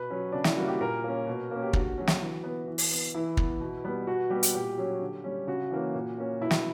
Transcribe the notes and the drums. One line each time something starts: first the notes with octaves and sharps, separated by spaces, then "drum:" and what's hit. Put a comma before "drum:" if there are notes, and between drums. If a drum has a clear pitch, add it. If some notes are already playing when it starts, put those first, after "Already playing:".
Already playing: B2 B4
F#3 C#4
C#3 D4
E4, drum: snare
G3 A#3 F#4
G4
A#2 A#4
A#3 C#4
B2
A#3 C#4
G4
D3 F#4, drum: kick
F#3 C#4
drum: snare
E3
B3
E3
drum: open hi-hat
B3
E3 E4
B3, drum: kick
B2
G3 B3
B2 F#4
G3 B3 G4
drum: hi-hat
A#2 G4
F#3 C#4
D3
G3 C#4
C#3 F#4
E3 A#3 C#4
A#2
A#3 C#4
B2 E4
drum: snare